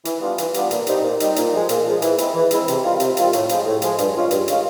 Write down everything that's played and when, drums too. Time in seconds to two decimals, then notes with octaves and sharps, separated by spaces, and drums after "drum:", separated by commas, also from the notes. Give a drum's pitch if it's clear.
0.05 E3, drum: hi-hat
0.21 G3 B3 D4 F4
0.38 E3, drum: hi-hat
0.54 G3 B3 D4 F4, drum: hi-hat
0.71 A#2, drum: hi-hat
0.87 G3 C4 D#4, drum: hi-hat
1.03 A#2
1.20 G3 C4 D#4, drum: hi-hat
1.36 A#2, drum: hi-hat
1.52 F3 G#3
1.69 A#2, drum: hi-hat
1.85 F3 G#3
2.02 E3, drum: hi-hat
2.18 G#3 C4 E4, drum: hi-hat
2.34 E3
2.51 G#3 C4 E4, drum: hi-hat
2.68 C3, drum: hi-hat
2.84 D#3 G3 C4 F4
3.00 C3, drum: hi-hat
3.17 D#3 G3 C4 F4, drum: hi-hat
3.33 A2, drum: hi-hat
3.49 F3 G#3, drum: hi-hat
3.66 A2
3.82 F3 G#3, drum: hi-hat
3.98 G2, drum: hi-hat
4.15 D#3 G#3 C#4 F4
4.31 G2, drum: hi-hat
4.48 D#3 G#3 C#4 F4, drum: hi-hat